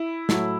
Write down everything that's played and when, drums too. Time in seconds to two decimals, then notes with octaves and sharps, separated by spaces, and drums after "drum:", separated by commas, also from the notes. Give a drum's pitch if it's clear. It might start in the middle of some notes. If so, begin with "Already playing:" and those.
Already playing: E4
0.29 A2 F#3 A3, drum: snare